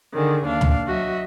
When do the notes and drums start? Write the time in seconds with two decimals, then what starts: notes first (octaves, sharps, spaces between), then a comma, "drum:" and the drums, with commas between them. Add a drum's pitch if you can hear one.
0.14 D3 D#3 G#4
0.46 D#2 D4 F5
0.61 drum: tom
0.87 F#3 F#4 D#5 E5